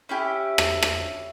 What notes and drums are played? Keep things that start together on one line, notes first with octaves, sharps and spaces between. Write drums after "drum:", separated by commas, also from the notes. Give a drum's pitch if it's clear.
C#4 E4 G4
drum: rim click
drum: rim click